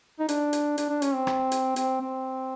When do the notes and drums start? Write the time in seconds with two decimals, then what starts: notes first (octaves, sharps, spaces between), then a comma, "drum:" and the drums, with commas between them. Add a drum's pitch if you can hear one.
0.20 D#4
0.29 D4, drum: hi-hat
0.53 drum: hi-hat
0.78 D4, drum: hi-hat
0.90 D4
1.02 C#4, drum: hi-hat
1.14 C4
1.27 drum: rim click
1.52 drum: hi-hat
1.76 C4, drum: hi-hat
2.01 C4